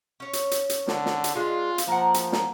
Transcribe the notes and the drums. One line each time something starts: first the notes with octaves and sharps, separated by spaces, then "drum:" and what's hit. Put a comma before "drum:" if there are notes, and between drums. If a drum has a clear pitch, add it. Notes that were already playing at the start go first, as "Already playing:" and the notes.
C#4 C#5
drum: hi-hat
drum: hi-hat
drum: hi-hat
D3, drum: snare
drum: snare
drum: hi-hat
G#3 D4 F4
drum: hi-hat
F3 A#3 A#4 F#5
drum: hi-hat
drum: snare